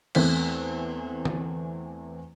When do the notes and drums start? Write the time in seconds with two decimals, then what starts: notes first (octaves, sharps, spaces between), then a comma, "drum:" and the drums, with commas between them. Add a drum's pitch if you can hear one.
0.15 E2 E3 A3 C4 B6, drum: cymbal
1.25 drum: tom